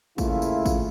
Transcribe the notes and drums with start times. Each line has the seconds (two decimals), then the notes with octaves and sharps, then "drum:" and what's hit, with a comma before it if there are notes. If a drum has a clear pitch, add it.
0.18 C#3 A3 A#3 E4 F4, drum: kick, tambourine
0.42 drum: tambourine
0.66 drum: kick, tambourine